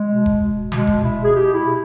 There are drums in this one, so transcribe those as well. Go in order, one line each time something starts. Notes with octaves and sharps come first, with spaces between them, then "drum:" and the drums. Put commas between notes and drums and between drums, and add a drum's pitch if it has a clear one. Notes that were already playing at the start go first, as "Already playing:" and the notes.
Already playing: G#3
B2
drum: kick F1
B2 G#3, drum: snare
drum: kick F1
E4
G#4
B2 G4
E4